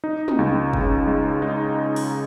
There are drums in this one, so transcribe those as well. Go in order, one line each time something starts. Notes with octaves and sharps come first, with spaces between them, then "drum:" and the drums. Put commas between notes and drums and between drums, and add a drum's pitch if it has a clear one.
D#4
drum: tom
C#2
C#3, drum: kick
G#3
D#4
drum: open hi-hat